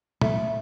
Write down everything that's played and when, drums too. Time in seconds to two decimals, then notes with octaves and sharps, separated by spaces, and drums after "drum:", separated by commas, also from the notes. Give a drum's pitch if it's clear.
0.22 A3, drum: tom